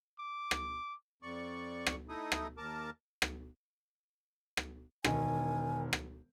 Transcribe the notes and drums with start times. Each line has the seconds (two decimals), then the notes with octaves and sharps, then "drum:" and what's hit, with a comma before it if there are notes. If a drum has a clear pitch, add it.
0.19 D6
0.51 drum: rim click
1.23 F2 D5 C#6
1.86 drum: rim click
2.09 A3 D#4 E4 D#6
2.32 drum: rim click
2.58 D#2 A#4 A5 D6
3.22 drum: rim click
4.57 drum: rim click
5.04 E1 D#3 G#5, drum: rim click
5.93 drum: rim click